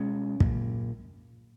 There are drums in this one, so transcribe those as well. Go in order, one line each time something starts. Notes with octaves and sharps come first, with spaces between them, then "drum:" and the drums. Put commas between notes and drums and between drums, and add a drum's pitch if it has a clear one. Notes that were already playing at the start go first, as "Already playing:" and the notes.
Already playing: B2 G#3 C#4
A#2 F#3 A#3, drum: kick